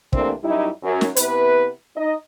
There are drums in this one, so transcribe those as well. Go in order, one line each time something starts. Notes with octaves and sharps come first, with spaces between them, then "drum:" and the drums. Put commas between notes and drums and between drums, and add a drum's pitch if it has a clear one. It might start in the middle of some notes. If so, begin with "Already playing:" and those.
C3 E3 A3 A#3 C4 D4, drum: kick
F#2 G3 D#4 E4
F#2
drum: snare
C3 B3 E4 B4, drum: hi-hat
D#4 D#5